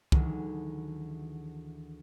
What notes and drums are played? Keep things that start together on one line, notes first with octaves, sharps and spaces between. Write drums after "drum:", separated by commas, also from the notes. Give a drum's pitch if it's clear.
D2 D#3 E3 F#3 G#3, drum: kick